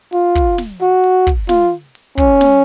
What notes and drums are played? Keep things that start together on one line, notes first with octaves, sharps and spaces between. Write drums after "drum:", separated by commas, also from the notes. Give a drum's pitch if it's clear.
F4, drum: open hi-hat
drum: kick, hi-hat
drum: snare
F#4, drum: hi-hat
drum: open hi-hat
drum: kick, hi-hat
F4, drum: snare
drum: open hi-hat
C#4, drum: kick, hi-hat
drum: snare